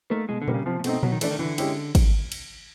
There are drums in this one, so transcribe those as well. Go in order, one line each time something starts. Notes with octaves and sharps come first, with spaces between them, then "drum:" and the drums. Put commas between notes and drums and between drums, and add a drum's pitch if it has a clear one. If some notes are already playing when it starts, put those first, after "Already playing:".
A3 A#3 D#4
B2 G#3
D3
G3 A#3, drum: tom A#2
C#3
C3 F3
A#2
B2 A3 C4 D#4, drum: cymbal
B2 F#3, drum: tom A#2
D#3
E3 A3 D4, drum: cymbal
D#3
D3 E3
G#3 C#4 E4 G4, drum: cymbal
drum: kick, cymbal
drum: cymbal